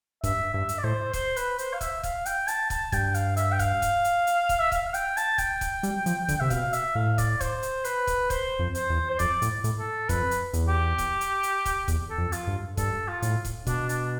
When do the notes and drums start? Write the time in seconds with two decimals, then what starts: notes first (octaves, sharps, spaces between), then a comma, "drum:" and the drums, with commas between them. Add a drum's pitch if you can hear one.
0.24 G2 E5, drum: kick, hi-hat
0.53 G2 E5
0.69 drum: hi-hat
0.78 D5
0.84 A2 C5
1.13 C5, drum: kick, hi-hat
1.36 B4, drum: hi-hat
1.58 C5, drum: hi-hat
1.73 F5
1.81 E5, drum: kick, hi-hat
2.03 F5, drum: kick, hi-hat
2.26 G5, drum: hi-hat
2.48 A5, drum: hi-hat
2.70 A5, drum: kick, hi-hat
2.92 G2 G5, drum: kick, hi-hat
3.14 F5, drum: hi-hat
3.37 E5, drum: hi-hat
3.52 G5
3.59 F5, drum: kick, hi-hat
3.82 drum: kick, hi-hat
4.04 drum: hi-hat
4.27 drum: hi-hat
4.49 drum: kick, hi-hat
4.59 E5
4.72 F5, drum: kick, hi-hat
4.88 F5
4.94 G5, drum: hi-hat
5.17 A5, drum: hi-hat
5.38 G5, drum: kick, hi-hat
5.61 drum: kick, hi-hat
5.83 G3, drum: hi-hat
6.06 F3, drum: hi-hat
6.29 D3, drum: kick, hi-hat
6.40 C3 E5
6.50 B2 F5, drum: kick, hi-hat
6.73 E5, drum: hi-hat
6.95 A2 F5
7.18 D5, drum: kick, hi-hat
7.41 C5, drum: kick, hi-hat
7.63 drum: hi-hat
7.84 B4, drum: hi-hat
8.07 drum: kick, hi-hat
8.30 C5, drum: kick, hi-hat
8.59 F2
8.75 C5, drum: hi-hat
8.90 E2
9.10 C5
9.19 F2 D5, drum: kick, hi-hat
9.42 A2, drum: hi-hat
9.64 A2, drum: hi-hat
9.79 A4
10.09 F2 B4, drum: kick, hi-hat
10.31 drum: hi-hat
10.53 E2, drum: hi-hat
10.68 G4
10.98 drum: kick, hi-hat
11.21 drum: hi-hat
11.43 drum: hi-hat
11.65 drum: kick, hi-hat
11.88 E2, drum: kick, hi-hat
12.10 A4
12.18 F2
12.32 F4, drum: hi-hat
12.47 G2
12.77 G2 A4, drum: kick, hi-hat
13.08 F4
13.22 A2, drum: hi-hat
13.45 drum: kick, hi-hat
13.67 B2 D4, drum: kick, hi-hat
13.89 D4, drum: hi-hat